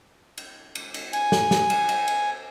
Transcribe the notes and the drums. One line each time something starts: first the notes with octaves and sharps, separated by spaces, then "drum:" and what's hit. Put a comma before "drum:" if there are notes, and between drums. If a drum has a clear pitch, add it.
drum: cymbal
drum: cymbal
drum: cymbal
G#5, drum: cymbal
drum: snare
drum: snare
drum: cymbal
drum: cymbal
drum: cymbal